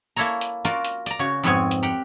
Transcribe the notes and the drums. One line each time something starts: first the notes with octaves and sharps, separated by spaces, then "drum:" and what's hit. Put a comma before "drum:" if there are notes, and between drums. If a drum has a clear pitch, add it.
A#3 E4 A4 C#5 A#5
drum: hi-hat
F4 F#4 A#4 D5, drum: hi-hat
drum: hi-hat
D5 A#5, drum: hi-hat
C#3 F#4 C#5
F2 G#2 B3 C4 C#5 G#5
drum: hi-hat
G4 A#4 F#5 G5